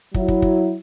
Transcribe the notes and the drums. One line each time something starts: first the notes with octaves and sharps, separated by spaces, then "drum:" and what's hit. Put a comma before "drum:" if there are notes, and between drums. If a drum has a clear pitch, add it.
F#3 E4, drum: kick
drum: kick
drum: kick